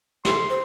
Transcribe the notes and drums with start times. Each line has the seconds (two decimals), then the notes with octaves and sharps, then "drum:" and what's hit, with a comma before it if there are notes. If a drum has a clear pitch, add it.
0.25 G4 C6, drum: snare
0.32 A4
0.50 C5